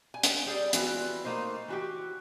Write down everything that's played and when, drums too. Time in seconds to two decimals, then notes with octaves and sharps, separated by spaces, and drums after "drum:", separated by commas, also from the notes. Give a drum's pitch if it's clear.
0.14 G#5
0.23 drum: hi-hat
0.46 G3 G#4 A4 D5
0.73 E3 F3 G3 B3 F#4, drum: hi-hat
1.25 A3 A#3 D#4 C5
1.68 E3 F#4 G4